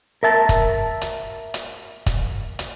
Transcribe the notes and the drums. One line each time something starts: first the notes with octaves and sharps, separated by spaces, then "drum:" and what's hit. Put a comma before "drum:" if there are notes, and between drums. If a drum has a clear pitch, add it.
A#4 E5 A5
drum: kick, hi-hat
drum: hi-hat
drum: hi-hat
drum: kick, hi-hat
drum: hi-hat